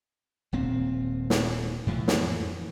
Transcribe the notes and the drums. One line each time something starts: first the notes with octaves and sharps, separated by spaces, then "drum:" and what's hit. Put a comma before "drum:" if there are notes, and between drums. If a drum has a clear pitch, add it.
D#1 A#2 C4
drum: snare
F2 A2 E3 F3
drum: snare